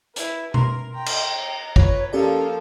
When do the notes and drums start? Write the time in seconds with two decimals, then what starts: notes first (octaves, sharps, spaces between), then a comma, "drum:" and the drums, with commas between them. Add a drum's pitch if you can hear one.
0.16 E4 B4, drum: hi-hat
0.54 A#4 C6, drum: tom B2
0.94 G5 A#5
1.06 drum: cymbal
1.76 F4 B4 C#5, drum: kick
2.13 F3 A#3 C#4 G4 A4 D5